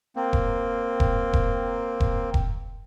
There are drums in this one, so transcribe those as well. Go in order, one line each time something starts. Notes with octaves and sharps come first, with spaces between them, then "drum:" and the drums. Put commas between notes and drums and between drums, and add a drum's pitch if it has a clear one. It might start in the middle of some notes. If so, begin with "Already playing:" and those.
A#3 C4
drum: kick E1
drum: kick E1
drum: kick E1
drum: kick E1
drum: kick E1